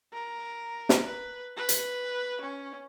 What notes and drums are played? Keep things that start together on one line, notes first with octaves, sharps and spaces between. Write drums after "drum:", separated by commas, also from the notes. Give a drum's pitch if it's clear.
A#4
drum: snare
B4
B4
drum: hi-hat
C#4